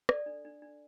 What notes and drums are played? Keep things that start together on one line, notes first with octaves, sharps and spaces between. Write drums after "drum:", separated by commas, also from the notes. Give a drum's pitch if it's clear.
A4 D5, drum: rim click
D4
D4
D4